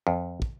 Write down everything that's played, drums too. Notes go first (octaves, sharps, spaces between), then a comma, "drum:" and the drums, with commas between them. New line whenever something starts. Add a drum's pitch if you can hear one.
F2
drum: kick